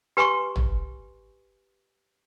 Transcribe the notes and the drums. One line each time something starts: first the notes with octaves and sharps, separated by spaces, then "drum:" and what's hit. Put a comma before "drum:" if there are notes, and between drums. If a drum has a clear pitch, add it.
G4 B4 G#5 A#5 C6 C#6
drum: tom